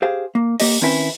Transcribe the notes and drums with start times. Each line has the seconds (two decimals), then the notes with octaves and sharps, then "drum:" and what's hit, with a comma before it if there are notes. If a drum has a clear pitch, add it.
0.02 G4 G#4 C5 F5
0.35 A#3
0.60 A#3 G4 D#5, drum: open hi-hat
0.82 D#3 C4 C#4 E4 B4